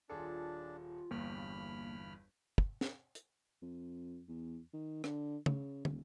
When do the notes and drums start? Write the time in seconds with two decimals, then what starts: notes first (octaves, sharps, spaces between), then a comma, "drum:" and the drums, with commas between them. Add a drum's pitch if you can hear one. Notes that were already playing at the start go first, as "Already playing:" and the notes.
0.10 D#1 D4 F4 G#4 A4
1.11 G1 E2 G2 A#3 B5 F6
2.58 drum: kick
2.81 drum: snare
3.15 drum: hi-hat
3.62 F2
4.28 E2
4.73 D#3
5.04 D3, drum: rim click
5.46 C#3, drum: tom C#3
5.85 D#1, drum: tom